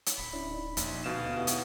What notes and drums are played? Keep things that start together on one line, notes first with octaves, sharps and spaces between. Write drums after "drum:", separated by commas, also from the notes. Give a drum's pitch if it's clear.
drum: hi-hat
D1 B5
C#4 D4 E4
D#4
A#1 D#2, drum: hi-hat
D2 B2 F5 E7
B3 E4 G4 B4
drum: hi-hat